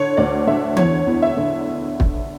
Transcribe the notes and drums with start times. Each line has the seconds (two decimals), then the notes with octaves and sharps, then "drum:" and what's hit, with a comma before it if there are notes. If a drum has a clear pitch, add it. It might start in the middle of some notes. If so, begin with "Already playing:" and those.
Already playing: D3 C#5
0.17 D2 D5
0.47 D3 E5
0.77 E2 C#5, drum: tom E3
1.07 E2
1.22 E5
1.37 D3
2.00 drum: kick